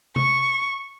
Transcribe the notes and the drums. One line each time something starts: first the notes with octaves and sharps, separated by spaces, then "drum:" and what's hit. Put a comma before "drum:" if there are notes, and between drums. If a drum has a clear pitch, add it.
C#6, drum: tom C3